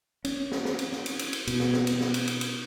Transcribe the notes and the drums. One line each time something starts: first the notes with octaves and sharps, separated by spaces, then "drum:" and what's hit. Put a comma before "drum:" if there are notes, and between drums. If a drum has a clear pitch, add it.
C#4, drum: cymbal
drum: snare
drum: snare
drum: cymbal
drum: snare
drum: cymbal
drum: cymbal
drum: cymbal
B2, drum: cymbal
drum: snare
drum: snare
drum: cymbal
drum: snare
drum: cymbal
drum: cymbal
drum: cymbal